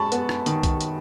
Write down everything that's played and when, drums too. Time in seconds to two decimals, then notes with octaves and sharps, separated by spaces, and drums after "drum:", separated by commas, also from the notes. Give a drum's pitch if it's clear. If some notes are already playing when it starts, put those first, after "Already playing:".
Already playing: F#2 G#3 A5 B5 C#6
0.12 B3, drum: hi-hat
0.29 drum: rim click
0.46 D#3, drum: hi-hat
0.63 drum: kick B1, hi-hat
0.81 drum: hi-hat